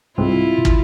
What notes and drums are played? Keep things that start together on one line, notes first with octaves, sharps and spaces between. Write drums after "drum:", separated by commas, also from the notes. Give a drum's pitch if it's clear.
C2 G#2 C4 E4 F4
drum: kick